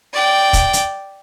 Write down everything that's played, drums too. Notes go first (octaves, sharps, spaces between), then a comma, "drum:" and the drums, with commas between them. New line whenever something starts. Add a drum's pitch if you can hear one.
D5 G5
drum: kick, hi-hat
drum: hi-hat